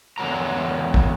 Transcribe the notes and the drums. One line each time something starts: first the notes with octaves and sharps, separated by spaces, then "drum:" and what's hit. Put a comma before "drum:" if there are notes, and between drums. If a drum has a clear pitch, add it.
E2 D3 D#3 F#3 A#4 A#5
drum: kick